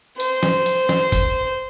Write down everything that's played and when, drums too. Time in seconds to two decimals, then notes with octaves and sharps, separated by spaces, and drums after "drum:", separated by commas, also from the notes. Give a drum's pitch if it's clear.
0.20 C5, drum: hi-hat
0.43 drum: snare
0.66 drum: hi-hat
0.89 drum: snare
1.12 drum: kick F#1, hi-hat